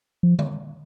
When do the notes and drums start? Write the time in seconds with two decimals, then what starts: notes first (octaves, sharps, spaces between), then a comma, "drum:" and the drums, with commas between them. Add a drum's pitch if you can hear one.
0.23 F3
0.39 drum: tom D3